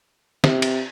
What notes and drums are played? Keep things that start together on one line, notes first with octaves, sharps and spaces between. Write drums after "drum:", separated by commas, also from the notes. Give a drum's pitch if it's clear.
C3, drum: snare
drum: cymbal